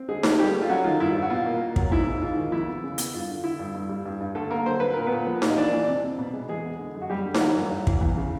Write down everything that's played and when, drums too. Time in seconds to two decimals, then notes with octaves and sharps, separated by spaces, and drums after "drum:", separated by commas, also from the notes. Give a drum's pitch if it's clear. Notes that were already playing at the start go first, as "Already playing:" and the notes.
Already playing: C4
0.08 D3 G#3 G#4
0.23 F3, drum: snare D#4
0.39 G3 A3 G4
0.54 A3
0.62 F4
0.69 F#3 C#4 F#4
0.84 D#3 F4
1.00 G2 E4
1.15 G2
1.22 F#4
1.30 B2 F4
1.46 A#3
1.61 A#3
1.76 F#3, drum: kick
1.91 G#2 E4
2.07 G#2
2.22 G#2 F4
2.37 D#3
2.52 F2 E4
2.67 B3
2.84 C#3
2.98 B3, drum: hi-hat
3.14 G2 F4
3.28 D3
3.44 D3 E4
3.59 G2
3.75 G2
3.89 G3
4.05 G2
4.21 G2
4.35 D3 A3 A4
4.51 D3 A#3 A#4
4.65 F#3 C5
4.80 D3 B4
4.94 A#2 A#4
5.07 B3 B4
5.12 A#2
5.27 F3
5.42 A#2, drum: snare D#4
5.49 D#5
5.57 E3 D4 D5
5.72 E3
5.88 C3
6.03 C3
6.18 B2
6.34 G#3
6.49 E2 G#3 G#4
6.64 B3
6.79 D3
6.95 F#2
7.02 F#4
7.10 F#2 G3 G4
7.25 D3
7.34 F4, drum: snare D#4
7.40 E3 F#3 F#4
7.56 G2
7.71 G2
7.87 E3, drum: kick
8.01 E2
8.17 C#3